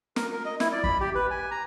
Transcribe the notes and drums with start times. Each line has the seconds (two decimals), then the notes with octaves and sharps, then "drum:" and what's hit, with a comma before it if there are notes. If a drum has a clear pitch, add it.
0.16 A#4, drum: snare
0.32 A#4
0.45 D#5
0.60 E4, drum: snare
0.72 D5
0.84 B5, drum: kick
1.01 G4
1.15 B4
1.31 G#5
1.51 A#5